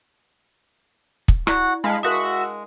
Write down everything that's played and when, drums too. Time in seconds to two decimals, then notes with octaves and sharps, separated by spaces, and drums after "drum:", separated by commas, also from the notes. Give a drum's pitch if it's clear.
1.28 drum: kick
1.47 E4 F#4 D5 F#5, drum: rim click
1.84 G#3 D4 D#5 F5 A5 B5
2.03 G#3 F#4 A#4 E5 F5 D#6